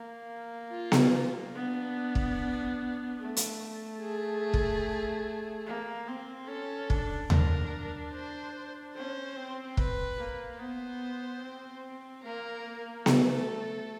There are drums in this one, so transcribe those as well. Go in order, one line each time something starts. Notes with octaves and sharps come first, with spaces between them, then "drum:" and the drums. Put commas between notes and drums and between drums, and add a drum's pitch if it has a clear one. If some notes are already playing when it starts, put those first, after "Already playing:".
Already playing: A#3
F4
drum: snare B3
B3 D4
drum: kick
A3
drum: hi-hat
G#4
drum: kick
A#3
C4
C#4 A4
D4, drum: kick
D4 A#4, drum: tom D#2
C5
C#4 C5
C4
B4, drum: kick
A#3
B3 C5
C4
A#3 A#4
A3 A4, drum: snare B3